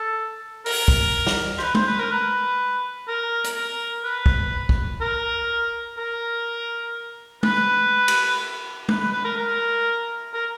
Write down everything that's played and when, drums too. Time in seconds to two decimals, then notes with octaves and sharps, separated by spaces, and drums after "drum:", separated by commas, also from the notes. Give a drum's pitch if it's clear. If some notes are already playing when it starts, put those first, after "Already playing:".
Already playing: A4
0.66 A#4, drum: open hi-hat
0.88 drum: kick
1.26 drum: snare
1.58 C5, drum: rim click
1.62 B4
1.75 C5, drum: tom G#3
1.87 B4
1.99 A#4
2.11 B4
3.08 A#4
3.44 drum: hi-hat
3.56 A#4
4.04 B4
4.26 drum: kick
4.69 drum: kick
5.01 A#4
5.98 A#4
7.43 B4, drum: tom G#3
8.08 drum: cymbal
8.89 B4, drum: tom G#3
9.00 B4
9.12 B4
9.24 A#4
9.37 A#4
10.34 A#4